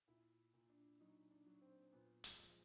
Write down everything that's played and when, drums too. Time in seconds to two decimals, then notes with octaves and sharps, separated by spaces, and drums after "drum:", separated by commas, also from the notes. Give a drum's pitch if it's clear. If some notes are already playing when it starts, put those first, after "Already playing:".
0.07 A#2 E4
0.54 A#2
0.69 D4
1.00 F#3 D#4
1.30 D4
1.46 F#3
1.61 C4
1.92 A#2 B3
2.24 G#3, drum: hi-hat
2.40 F3